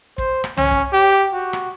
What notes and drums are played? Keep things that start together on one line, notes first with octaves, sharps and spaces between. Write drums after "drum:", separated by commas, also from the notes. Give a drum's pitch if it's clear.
C5, drum: kick
drum: rim click
C#4, drum: tom C2
drum: kick
G4
F#4
drum: rim click